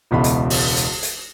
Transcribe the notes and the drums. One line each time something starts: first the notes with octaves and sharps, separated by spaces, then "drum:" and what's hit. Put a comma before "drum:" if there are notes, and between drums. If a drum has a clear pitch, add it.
E1 C#2 B2 E4 B5
drum: hi-hat
drum: open hi-hat
drum: hi-hat
drum: hi-hat